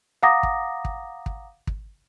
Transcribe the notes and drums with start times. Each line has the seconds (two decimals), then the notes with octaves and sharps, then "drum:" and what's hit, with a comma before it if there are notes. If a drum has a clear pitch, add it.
0.23 F5 F#5 A#5 D6 D#6 A#6
0.43 drum: kick
0.85 drum: kick
1.26 drum: kick
1.67 drum: kick